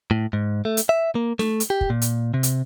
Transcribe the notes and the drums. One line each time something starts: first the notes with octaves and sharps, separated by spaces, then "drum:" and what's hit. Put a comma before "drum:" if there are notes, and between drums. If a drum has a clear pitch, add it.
A2
G#2
A3
drum: hi-hat
E5
A#3
A3, drum: snare
drum: hi-hat
G4
drum: kick
A#2
drum: hi-hat
C3
drum: hi-hat